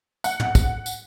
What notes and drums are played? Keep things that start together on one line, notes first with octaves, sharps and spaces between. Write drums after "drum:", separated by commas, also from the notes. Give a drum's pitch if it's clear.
F#5, drum: tambourine
drum: tom
drum: kick, tambourine
drum: tambourine